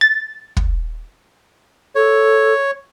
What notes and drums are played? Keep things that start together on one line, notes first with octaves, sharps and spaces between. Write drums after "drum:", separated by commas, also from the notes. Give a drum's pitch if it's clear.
A6
drum: kick
A4 C#5